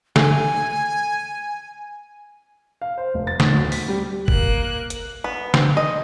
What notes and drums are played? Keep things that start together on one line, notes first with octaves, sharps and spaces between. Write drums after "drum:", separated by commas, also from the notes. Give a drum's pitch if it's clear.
A3 G#5, drum: snare
F5
C5
F1
A6
A2, drum: snare
D2
B6, drum: open hi-hat
G3
A#3 F#6, drum: kick G1
drum: hi-hat
B3
C4, drum: snare
D#5